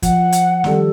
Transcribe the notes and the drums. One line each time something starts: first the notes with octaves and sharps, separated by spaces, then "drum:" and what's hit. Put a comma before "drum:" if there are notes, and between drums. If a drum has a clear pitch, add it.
F3 F#5, drum: kick, hi-hat
drum: hi-hat
D#3 G3 A4, drum: snare